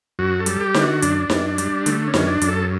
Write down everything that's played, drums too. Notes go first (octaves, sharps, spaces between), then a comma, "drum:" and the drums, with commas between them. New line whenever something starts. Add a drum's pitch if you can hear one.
F#2 F#4
A4
G3, drum: hi-hat
G4
D3, drum: snare D#4
F#4
F#2 D4, drum: hi-hat
F#2, drum: snare D#4
G3, drum: hi-hat
D3 A3, drum: hi-hat
C#4
F#2, drum: snare D#4
D4
F#2, drum: hi-hat
A4